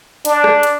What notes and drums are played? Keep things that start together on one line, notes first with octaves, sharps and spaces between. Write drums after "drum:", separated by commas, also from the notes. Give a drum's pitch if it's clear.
D4, drum: hi-hat
drum: rim click
drum: hi-hat